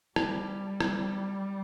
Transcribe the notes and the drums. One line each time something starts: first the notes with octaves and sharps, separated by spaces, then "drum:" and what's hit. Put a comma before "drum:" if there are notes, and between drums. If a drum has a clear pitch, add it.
G3, drum: rim click
drum: rim click